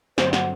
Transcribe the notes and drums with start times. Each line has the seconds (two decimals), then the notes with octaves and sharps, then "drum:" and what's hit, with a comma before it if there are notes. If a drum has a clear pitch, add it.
0.18 G2 D3 F#3 C4 C5, drum: snare
0.33 F#5, drum: snare